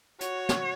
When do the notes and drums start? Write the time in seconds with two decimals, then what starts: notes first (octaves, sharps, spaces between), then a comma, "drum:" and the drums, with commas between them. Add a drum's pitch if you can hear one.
0.21 F#4 C#5, drum: hi-hat
0.49 drum: snare